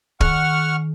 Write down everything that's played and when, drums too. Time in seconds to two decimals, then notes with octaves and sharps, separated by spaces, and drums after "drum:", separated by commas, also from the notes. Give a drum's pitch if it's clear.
0.21 D#3 F#5 C#6 F6, drum: kick